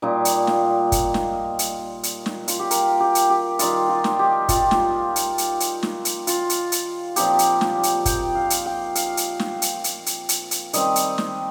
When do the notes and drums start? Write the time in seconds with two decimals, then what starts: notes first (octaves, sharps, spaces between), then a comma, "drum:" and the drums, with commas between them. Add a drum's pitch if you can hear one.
0.02 A#2 G3 D#4 F4
0.25 drum: hi-hat
0.47 drum: snare
0.92 drum: kick, hi-hat
1.14 drum: snare
1.59 drum: hi-hat
2.03 drum: hi-hat
2.26 drum: snare
2.48 F4, drum: hi-hat
2.59 G4
2.71 A#4, drum: hi-hat
3.00 G4
3.15 drum: hi-hat
3.30 G4
3.59 D#3 G3 D#4 F4, drum: hi-hat
3.89 F4
4.04 drum: snare
4.19 G4
4.49 F4, drum: kick, hi-hat
4.71 drum: snare
5.16 drum: hi-hat
5.38 drum: hi-hat
5.60 drum: hi-hat
5.83 drum: snare
6.05 drum: hi-hat
6.27 F4, drum: hi-hat
6.50 drum: hi-hat
6.72 drum: hi-hat
7.16 A#2 F3 C4 D#4 G4, drum: hi-hat
7.39 drum: hi-hat
7.61 drum: snare
7.83 drum: hi-hat
8.05 G5, drum: kick, hi-hat
8.35 F5
8.50 drum: hi-hat
8.66 G5
8.95 F5, drum: hi-hat
9.17 drum: hi-hat
9.39 drum: snare
9.62 drum: hi-hat
9.84 drum: hi-hat
10.06 drum: hi-hat
10.29 drum: hi-hat
10.51 drum: hi-hat
10.73 D#3 G3 C4 D#5, drum: hi-hat
10.96 drum: hi-hat
11.18 drum: snare